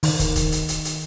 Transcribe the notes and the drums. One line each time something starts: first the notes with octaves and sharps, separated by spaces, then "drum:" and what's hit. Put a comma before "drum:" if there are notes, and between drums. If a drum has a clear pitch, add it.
D#3, drum: open hi-hat
drum: kick, hi-hat
drum: kick, hi-hat
drum: hi-hat
drum: hi-hat
drum: hi-hat